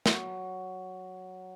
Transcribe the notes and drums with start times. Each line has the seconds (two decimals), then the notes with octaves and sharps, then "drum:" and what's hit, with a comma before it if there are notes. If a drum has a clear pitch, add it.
0.06 F#3, drum: snare